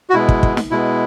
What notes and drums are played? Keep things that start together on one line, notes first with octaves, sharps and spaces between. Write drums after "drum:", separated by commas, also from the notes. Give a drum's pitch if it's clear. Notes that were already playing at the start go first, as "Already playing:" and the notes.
F#4
B2 G#3 B3 E4
drum: kick
drum: kick
drum: snare
B2 G#3 B3 E4